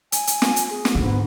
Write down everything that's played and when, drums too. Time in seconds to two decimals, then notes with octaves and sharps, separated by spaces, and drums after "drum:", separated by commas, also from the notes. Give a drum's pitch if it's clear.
0.12 G#5, drum: hi-hat
0.27 drum: hi-hat
0.42 drum: snare
0.56 drum: hi-hat
0.71 G#4
0.85 drum: snare
0.95 G#2 D3 B3